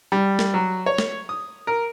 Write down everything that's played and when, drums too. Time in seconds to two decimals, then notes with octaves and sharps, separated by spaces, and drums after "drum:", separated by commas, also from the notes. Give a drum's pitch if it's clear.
0.12 G3
0.39 drum: snare
0.54 F#3
0.86 C#5
0.98 drum: snare
1.29 D#6
1.67 A#4